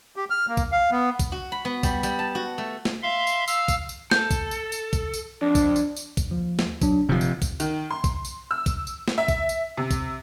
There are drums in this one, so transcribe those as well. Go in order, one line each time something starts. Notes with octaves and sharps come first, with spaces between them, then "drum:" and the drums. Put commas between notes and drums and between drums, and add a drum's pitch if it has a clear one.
G4
F6
A#3
drum: kick, tambourine
F5
B3
drum: kick, tambourine
F#4
B5
B3
G3, drum: kick, tambourine
G3, drum: tambourine
A5
F#4
A3
drum: snare
E5 F5 C6
drum: tambourine
F5 E6 F6, drum: tambourine
drum: kick, tambourine
drum: tambourine
A4 G6, drum: snare
drum: kick, tambourine
drum: tambourine
drum: tambourine
drum: kick, tambourine
drum: tambourine
F2 D4
drum: kick, tambourine
drum: tambourine
drum: tambourine
drum: kick, tambourine
D#2 F3
drum: snare
F#3 D4, drum: kick, tambourine
G1 C3 F3
drum: tambourine
drum: kick, tambourine
D#3, drum: tambourine
C6
drum: kick, tambourine
drum: tambourine
E6
drum: kick, tambourine
drum: tambourine
drum: snare
E5
drum: kick, tambourine
drum: tambourine
C3
drum: kick, tambourine